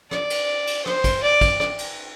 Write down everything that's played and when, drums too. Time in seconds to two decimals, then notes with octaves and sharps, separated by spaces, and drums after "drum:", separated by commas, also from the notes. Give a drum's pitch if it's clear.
0.11 D5, drum: rim click
0.30 drum: cymbal
0.67 drum: cymbal
0.86 C5, drum: rim click
1.04 drum: kick, cymbal
1.23 D5
1.41 drum: kick, cymbal
1.60 drum: rim click
1.78 drum: cymbal